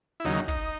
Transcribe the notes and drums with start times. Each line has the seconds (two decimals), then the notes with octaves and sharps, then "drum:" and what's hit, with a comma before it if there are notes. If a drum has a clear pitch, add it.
0.20 E4
0.25 D#2 C#3 F#3 D#4, drum: snare
0.48 D#4, drum: kick, hi-hat